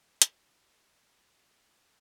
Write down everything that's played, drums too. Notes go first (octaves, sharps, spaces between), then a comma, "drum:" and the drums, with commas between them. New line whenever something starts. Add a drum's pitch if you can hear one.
E4 F#4 G4 C5 D5, drum: hi-hat